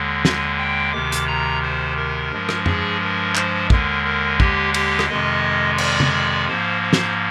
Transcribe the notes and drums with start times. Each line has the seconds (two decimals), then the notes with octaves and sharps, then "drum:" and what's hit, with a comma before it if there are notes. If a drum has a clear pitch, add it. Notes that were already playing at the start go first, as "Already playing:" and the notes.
Already playing: D#2 D3 G#3
0.25 drum: snare
0.58 G5
0.92 D2 C3 D#3 D6
1.12 drum: hi-hat
1.27 A#5
1.62 C5
1.97 A#4
2.31 G2 F3 G#3
2.49 drum: rim click
2.66 G#4, drum: tom F2
3.01 A#4
3.35 C5, drum: clap
3.70 D#2 D3 G#3 A#4, drum: kick
4.05 A#4
4.40 G4, drum: kick
4.74 G4, drum: cymbal
4.99 drum: rim click
5.09 F2 C3 D#3 G#3 D#5
5.78 D5, drum: cymbal
6.00 drum: tom
6.13 D5
6.48 G#2 F3 A#3 C5
6.82 C5
6.93 drum: snare